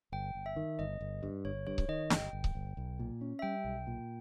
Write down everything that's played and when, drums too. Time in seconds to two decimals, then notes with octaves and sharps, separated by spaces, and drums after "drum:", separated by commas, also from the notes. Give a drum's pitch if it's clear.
0.12 G1 G5
0.35 G1
0.46 E5
0.56 D#3
0.79 G1 D#5
1.01 G1
1.23 G2
1.45 G1 C#5
1.67 G2 C#5
1.78 drum: kick C#1
1.88 D#3 D#5
2.10 G1 G5, drum: snare
2.33 G1
2.44 drum: kick C#1
2.55 G1
2.77 B1
3.00 A#2
3.21 C#4
3.39 E5
3.42 G3 G5
3.65 B1
3.87 A#2